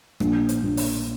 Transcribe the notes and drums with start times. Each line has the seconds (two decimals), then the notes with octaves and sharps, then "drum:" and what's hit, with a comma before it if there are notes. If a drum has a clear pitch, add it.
0.20 A#1, drum: rim click
0.49 drum: hi-hat
0.63 A#1
0.77 drum: open hi-hat